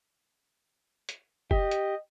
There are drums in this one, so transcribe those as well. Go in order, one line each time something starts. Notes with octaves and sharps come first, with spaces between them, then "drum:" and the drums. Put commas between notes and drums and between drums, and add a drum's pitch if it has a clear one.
drum: hi-hat
G4 D#5, drum: kick
drum: hi-hat